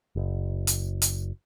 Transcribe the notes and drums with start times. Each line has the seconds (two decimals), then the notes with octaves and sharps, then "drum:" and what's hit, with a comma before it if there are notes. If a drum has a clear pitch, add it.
0.16 F#1
0.67 drum: hi-hat
1.02 drum: hi-hat